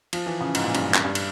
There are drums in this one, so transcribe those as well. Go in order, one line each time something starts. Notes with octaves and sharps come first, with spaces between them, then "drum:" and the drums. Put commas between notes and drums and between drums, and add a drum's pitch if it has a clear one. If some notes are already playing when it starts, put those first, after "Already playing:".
F3, drum: cymbal
E3
C#3
G#2, drum: cymbal
A#2
G2, drum: cymbal
G#2
G2, drum: clap
G2
drum: cymbal